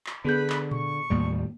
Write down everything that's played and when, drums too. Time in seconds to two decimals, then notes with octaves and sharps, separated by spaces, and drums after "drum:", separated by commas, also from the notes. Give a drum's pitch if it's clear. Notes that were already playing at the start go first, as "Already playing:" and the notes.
0.07 drum: clap
0.25 D3 B3 G#4 B4 B5 G6
0.50 drum: clap
0.71 C#6, drum: tom A#2
1.10 D#2 A2 G3 A#3